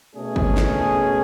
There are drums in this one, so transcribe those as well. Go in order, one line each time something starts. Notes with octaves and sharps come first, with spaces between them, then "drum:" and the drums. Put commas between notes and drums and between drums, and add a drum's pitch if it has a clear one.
B2 A3 C#4 G#4
drum: kick
drum: snare